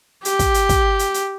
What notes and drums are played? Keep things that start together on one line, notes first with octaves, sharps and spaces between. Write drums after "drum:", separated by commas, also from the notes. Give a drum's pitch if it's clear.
G4, drum: hi-hat
drum: kick, hi-hat
drum: hi-hat
drum: kick, hi-hat
drum: hi-hat
drum: hi-hat